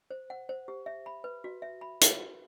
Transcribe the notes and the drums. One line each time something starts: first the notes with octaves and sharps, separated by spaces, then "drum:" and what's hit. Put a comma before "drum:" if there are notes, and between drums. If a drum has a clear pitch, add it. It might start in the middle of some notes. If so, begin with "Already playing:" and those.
C5
F#5
C5
G4
E5
B5
B4
F#4
E5
B5
B4, drum: hi-hat
F#4